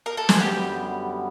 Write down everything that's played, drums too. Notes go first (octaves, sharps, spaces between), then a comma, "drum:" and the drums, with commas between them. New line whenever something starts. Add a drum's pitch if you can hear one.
A#4
A4
G#4, drum: snare
F#2 D3 G3 B3 G4